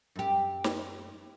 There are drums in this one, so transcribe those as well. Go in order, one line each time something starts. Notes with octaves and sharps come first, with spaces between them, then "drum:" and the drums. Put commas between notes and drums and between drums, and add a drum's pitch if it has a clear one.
F#2 G4
drum: snare